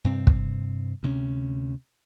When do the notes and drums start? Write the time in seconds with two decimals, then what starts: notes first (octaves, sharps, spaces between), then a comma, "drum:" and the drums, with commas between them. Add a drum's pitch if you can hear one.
0.04 G2 C3 C4
0.27 drum: kick
1.03 D2 C3 A3 C#4